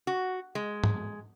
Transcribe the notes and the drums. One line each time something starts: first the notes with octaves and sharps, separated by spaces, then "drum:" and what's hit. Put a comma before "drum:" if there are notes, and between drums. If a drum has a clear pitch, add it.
F#4
G#3
drum: tom